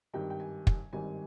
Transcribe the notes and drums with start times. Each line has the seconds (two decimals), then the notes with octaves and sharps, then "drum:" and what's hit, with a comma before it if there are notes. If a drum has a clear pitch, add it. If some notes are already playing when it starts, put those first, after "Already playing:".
0.13 G#1 G2 D#3 G3 G5
0.30 G5
0.40 G#5
0.67 G#5, drum: kick
0.93 G#1 G2 D#3 G3 G#5